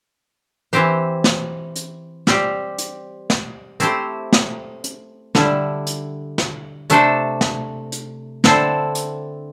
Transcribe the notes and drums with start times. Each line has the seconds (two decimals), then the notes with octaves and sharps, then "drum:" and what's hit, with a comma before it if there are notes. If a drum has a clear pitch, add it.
0.73 E3 C4 G4 C5, drum: hi-hat
1.24 drum: snare
1.76 drum: hi-hat
2.27 G3 C4 G4, drum: snare
2.78 drum: hi-hat
3.30 drum: snare
3.80 A3 C4 E4 G4 C5, drum: hi-hat
4.33 drum: snare
4.84 drum: hi-hat
5.35 D3 G3 E4, drum: snare
5.87 drum: hi-hat
6.38 drum: snare
6.90 C3 A3 D4 A4 C5, drum: hi-hat
7.41 drum: snare
7.92 drum: hi-hat
8.44 D3 C4 E4 A4 C5, drum: snare
8.95 drum: hi-hat